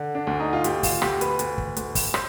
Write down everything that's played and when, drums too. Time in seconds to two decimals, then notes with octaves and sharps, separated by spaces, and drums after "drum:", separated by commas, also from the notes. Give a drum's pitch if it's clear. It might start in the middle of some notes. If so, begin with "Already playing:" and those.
Already playing: D3
0.15 D4
0.27 D2
0.40 D#4
0.53 F4
0.64 D2 G4, drum: hi-hat
0.83 F4, drum: kick, open hi-hat
1.02 D2 G4, drum: rim click
1.21 B4, drum: hi-hat
1.39 D2, drum: hi-hat
1.58 drum: kick
1.77 D2, drum: hi-hat
1.95 drum: kick, open hi-hat
2.14 C5, drum: rim click